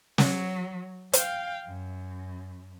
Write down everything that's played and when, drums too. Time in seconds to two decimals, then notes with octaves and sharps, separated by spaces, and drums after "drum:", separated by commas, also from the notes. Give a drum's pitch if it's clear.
0.18 F#3, drum: snare
1.13 F5 G5, drum: hi-hat
1.66 F#2